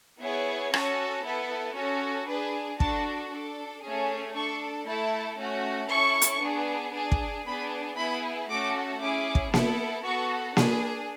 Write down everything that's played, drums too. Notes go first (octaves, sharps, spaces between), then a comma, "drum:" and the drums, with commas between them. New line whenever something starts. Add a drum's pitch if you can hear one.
B3 E4 G#4 C#5
C#4 F#4 A4, drum: rim click
B3 E4 A4
C#4 F#4 A4
D4 G#4 B4
D4 F#4 A4 A5, drum: kick
D4 A4
A3 C#4 G#4
D4 A4 C#6
A3 E4 A4 A5
A3 C#4 F#4
C#4 E4 A4 C#6
drum: hi-hat
B3 D4 G#4
D4 G#4
drum: kick
B3 D4 G#4 B5
B3 E4 G#4 B5
A3 C#4 F#4 A4 D6
C#4 E4 G#4 D6
drum: kick
B3 E4 A4, drum: snare A#3
B3 F#4 A4 C#6
D4 G#4 B5, drum: snare A#3